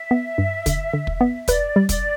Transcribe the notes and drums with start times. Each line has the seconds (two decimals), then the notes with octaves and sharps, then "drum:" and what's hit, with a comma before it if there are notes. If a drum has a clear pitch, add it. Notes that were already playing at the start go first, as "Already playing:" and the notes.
Already playing: E5
0.11 B3
0.38 G2
0.66 D3, drum: kick, hi-hat
0.93 D3
1.07 drum: kick
1.21 B3
1.48 B4 D5, drum: kick, hi-hat
1.76 G3
1.89 D5, drum: kick, hi-hat